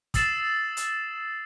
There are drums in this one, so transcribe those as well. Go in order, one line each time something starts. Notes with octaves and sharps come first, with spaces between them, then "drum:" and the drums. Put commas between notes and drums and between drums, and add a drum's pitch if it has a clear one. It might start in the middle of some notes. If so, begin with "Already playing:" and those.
D#6 E6 A6 C7 E7 F#7, drum: kick, hi-hat
drum: hi-hat